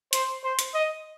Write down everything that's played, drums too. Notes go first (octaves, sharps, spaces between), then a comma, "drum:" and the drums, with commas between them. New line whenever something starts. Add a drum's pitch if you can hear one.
C5, drum: hi-hat
C5
drum: hi-hat
D#5